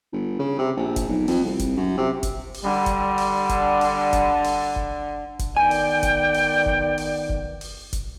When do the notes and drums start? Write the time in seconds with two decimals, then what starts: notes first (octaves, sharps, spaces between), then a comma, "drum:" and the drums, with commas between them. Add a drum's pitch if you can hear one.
0.12 G1
0.39 C#3
0.58 C3
0.77 A#1
0.96 drum: kick F1, hi-hat
1.09 B1
1.28 F2, drum: open hi-hat
1.45 C2
1.59 drum: kick F1, hi-hat
1.77 F#2
1.97 C3
2.23 drum: kick F1, hi-hat
2.54 drum: open hi-hat
2.64 D3 G3
2.86 drum: kick F1, hi-hat
3.18 drum: open hi-hat
3.49 drum: kick F1, hi-hat
3.81 drum: open hi-hat
4.13 drum: kick F1, hi-hat
4.44 drum: open hi-hat
4.76 drum: kick F1
5.39 drum: kick F1, hi-hat
5.57 D#3 B3 D5 G5 G#5
5.71 drum: open hi-hat
6.03 drum: kick F1, hi-hat
6.34 drum: open hi-hat
6.66 drum: kick F1
6.98 drum: open hi-hat
7.29 drum: kick F1
7.61 drum: open hi-hat
7.93 drum: kick F1, hi-hat